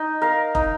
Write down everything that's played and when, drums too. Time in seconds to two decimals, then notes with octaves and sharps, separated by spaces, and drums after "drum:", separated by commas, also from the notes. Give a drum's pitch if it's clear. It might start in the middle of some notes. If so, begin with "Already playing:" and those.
Already playing: D#4
0.22 A#4 F5
0.55 D#4, drum: kick